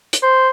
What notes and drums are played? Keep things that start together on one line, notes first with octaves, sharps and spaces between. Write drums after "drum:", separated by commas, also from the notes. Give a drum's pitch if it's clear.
drum: hi-hat
C5